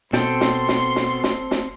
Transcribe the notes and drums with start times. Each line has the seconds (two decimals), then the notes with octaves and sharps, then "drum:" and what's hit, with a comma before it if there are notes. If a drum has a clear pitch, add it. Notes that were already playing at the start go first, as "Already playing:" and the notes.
0.13 B2 C4 A4 G5 C6, drum: snare
0.41 drum: snare
0.68 drum: snare
0.96 drum: snare
1.24 drum: snare
1.51 drum: snare